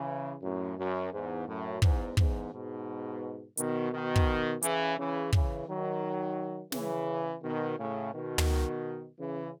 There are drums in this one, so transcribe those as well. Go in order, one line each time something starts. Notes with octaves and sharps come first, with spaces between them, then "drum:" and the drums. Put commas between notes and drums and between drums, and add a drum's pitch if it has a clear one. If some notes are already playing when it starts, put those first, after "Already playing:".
Already playing: C#3 E3
F#2 A2
F#2
E2 G#2
F#2 A2
E2 G#2, drum: kick
E2 G#2, drum: kick
G#2 B2
B2 D#3, drum: hi-hat
B2 D#3
drum: kick
C#3 E3, drum: hi-hat
C#3 E3
C#3 E3, drum: kick
D#3 F#3
C#3 E3, drum: snare
B2 D#3
A2 C#3
B2 D#3
drum: tom
C#3 E3